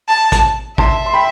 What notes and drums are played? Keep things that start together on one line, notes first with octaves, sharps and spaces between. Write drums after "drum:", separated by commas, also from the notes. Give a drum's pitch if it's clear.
A5
drum: kick, hi-hat
E5 A5 C6, drum: kick
C6
G5 B5